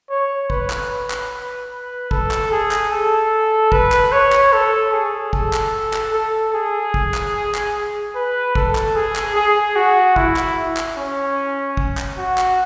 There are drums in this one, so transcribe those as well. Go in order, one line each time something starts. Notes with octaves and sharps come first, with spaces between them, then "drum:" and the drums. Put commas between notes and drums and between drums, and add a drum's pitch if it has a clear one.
C#5
B4, drum: kick
drum: clap
drum: clap
A4, drum: kick
drum: clap
G#4
drum: clap
A4
B4, drum: kick
drum: clap
C#5
drum: clap
A4
G#4
A4, drum: kick
drum: clap
drum: clap
A4
G#4
drum: kick
drum: clap
drum: clap
B4
A4, drum: kick
drum: clap
G#4
drum: clap
G#4
F#4
E4, drum: kick
drum: clap
drum: clap
C#4
drum: kick
drum: clap
F#4
drum: clap